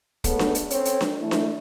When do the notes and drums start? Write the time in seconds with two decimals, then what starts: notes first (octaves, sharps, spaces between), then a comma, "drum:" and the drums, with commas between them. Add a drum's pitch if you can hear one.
0.24 G#2 G#3 A3 B3 A4 C#5, drum: kick, hi-hat
0.39 drum: snare D4
0.55 drum: hi-hat
0.70 C4 C#4 A4 C#5, drum: hi-hat
0.85 drum: hi-hat
1.01 drum: snare D4
1.20 E3 A3 E4
1.31 drum: snare D4